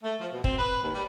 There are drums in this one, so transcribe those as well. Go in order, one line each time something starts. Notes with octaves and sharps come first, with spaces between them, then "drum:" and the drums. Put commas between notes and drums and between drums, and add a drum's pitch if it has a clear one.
A3
F3
B2
C4, drum: kick
B4
D#2
G3